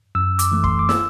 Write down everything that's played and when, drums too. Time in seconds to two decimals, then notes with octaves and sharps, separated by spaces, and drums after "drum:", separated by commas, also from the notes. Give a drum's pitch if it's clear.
0.15 F#2 E6
0.39 D6, drum: hi-hat
0.52 E3 A3
0.64 C6, drum: kick
0.79 D6
0.89 E6, drum: snare